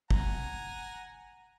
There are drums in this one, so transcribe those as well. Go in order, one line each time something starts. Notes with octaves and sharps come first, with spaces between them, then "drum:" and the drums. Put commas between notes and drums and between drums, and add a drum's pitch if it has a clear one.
F#5 G#5 A#5, drum: kick